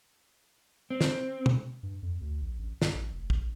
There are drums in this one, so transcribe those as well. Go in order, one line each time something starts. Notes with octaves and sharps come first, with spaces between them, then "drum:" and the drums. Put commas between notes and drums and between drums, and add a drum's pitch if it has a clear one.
C4
drum: snare
drum: tom
G2
F2
D2
A#1
A1
G2, drum: snare
A1
F1
A#1, drum: kick